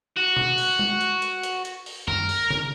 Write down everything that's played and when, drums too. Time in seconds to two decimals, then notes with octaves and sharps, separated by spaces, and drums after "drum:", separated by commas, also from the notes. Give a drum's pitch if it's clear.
0.16 F#4
0.36 drum: tom B2
0.58 drum: open hi-hat
0.79 drum: tom G#3
1.01 drum: hi-hat
1.22 drum: hi-hat
1.43 drum: hi-hat
1.65 drum: hi-hat
1.86 drum: open hi-hat
2.08 A#4, drum: tom F#2
2.29 drum: open hi-hat
2.50 drum: tom C#3